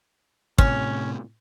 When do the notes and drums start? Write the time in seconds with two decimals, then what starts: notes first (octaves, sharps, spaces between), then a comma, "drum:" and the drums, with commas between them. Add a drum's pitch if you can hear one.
0.58 A2 C3 C#4, drum: kick